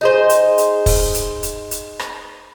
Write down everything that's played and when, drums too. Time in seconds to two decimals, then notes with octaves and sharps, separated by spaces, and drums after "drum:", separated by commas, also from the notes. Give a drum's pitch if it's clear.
0.01 D#4 G#4 C5
0.29 drum: hi-hat
0.58 drum: hi-hat
0.86 drum: kick, open hi-hat
1.14 drum: hi-hat
1.43 drum: hi-hat
1.71 drum: hi-hat
1.99 drum: rim click